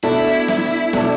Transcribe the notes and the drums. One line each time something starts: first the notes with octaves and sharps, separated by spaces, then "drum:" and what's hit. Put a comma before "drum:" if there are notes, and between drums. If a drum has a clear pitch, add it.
B2 A3 D4 E4 A4 D5, drum: hi-hat
drum: hi-hat
drum: snare
drum: hi-hat
B2 A3 D4 A4 D5, drum: snare